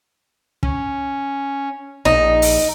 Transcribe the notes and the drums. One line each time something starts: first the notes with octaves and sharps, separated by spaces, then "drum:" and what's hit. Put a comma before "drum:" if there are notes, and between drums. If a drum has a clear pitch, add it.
C#4, drum: kick
A#1 D#4, drum: snare
drum: open hi-hat